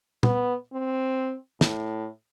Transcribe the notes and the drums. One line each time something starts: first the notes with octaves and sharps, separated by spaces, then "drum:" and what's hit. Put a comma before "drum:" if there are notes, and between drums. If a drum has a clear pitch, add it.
B3, drum: tom
C4
A2, drum: snare